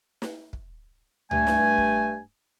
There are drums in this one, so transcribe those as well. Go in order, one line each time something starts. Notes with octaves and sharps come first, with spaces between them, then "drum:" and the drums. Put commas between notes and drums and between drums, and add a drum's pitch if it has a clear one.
drum: snare
drum: kick
G2 A3 G#5, drum: tom C#2
drum: snare
drum: kick